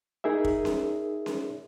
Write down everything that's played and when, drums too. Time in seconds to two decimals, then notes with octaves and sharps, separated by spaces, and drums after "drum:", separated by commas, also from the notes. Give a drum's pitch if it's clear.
0.24 D#4 G#4 A#4 E5
0.45 drum: kick
0.65 drum: snare C#4
1.26 drum: snare C#4